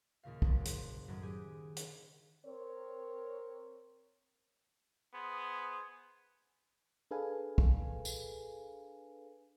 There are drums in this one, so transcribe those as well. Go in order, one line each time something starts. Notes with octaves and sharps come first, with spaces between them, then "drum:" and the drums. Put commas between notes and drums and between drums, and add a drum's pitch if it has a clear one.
D#2 A#2 C#3 F5
F#1 F#2 C#3, drum: kick
C5, drum: hi-hat
F#2 A2 D#3 F#3
G4 G#4
drum: hi-hat
C4 A#4 C#5
B3 G#4 C5
D4 G#4 A4 B4 F5 G#5
drum: kick
drum: tambourine